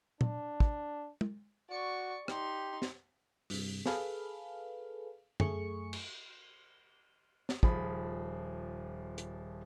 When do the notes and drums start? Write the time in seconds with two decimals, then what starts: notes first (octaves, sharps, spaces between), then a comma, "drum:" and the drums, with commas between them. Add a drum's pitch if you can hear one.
0.21 D4, drum: tom A#2
0.60 drum: kick
1.21 drum: tom
1.70 F#4 D5 C#6
2.28 D#4 G4 C6, drum: rim click
2.82 drum: snare
3.50 G2 C3, drum: open hi-hat
3.86 G#4 A4 B4 F5, drum: snare
5.40 F#2 A3 G#4 C#6 C#7, drum: tom F#2
5.93 drum: cymbal
7.49 drum: snare
7.63 D#1 F3 G#4 B5, drum: kick
9.18 drum: hi-hat